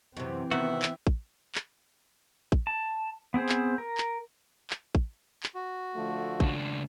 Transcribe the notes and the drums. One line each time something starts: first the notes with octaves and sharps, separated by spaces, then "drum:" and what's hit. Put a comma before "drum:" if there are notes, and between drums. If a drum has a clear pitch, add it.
F#2 C3 E3 C4
C3 D#3 B3 F#4 E5
drum: clap
drum: kick
drum: clap
drum: kick
A5
B3 C4 G#4 C5
drum: clap
A#4
drum: clap
drum: clap
drum: kick
drum: clap
F#4
D3 F3 A3
C#2 D4, drum: kick